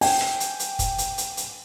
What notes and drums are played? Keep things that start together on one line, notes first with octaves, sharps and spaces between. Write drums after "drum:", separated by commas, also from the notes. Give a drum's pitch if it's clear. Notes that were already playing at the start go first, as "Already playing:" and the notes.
G5 G#5, drum: open hi-hat
drum: rim click
drum: hi-hat
drum: hi-hat
drum: kick, hi-hat
drum: hi-hat
drum: hi-hat
drum: hi-hat